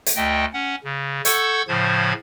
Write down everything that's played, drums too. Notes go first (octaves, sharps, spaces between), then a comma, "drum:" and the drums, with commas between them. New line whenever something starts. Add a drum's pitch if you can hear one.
drum: hi-hat
D2 A3 D#5 G5
C#4 F#5
C#3
A4 F#5 C#6 E6 G6 G#6, drum: hi-hat
A2 C#3 F3 C5 G#6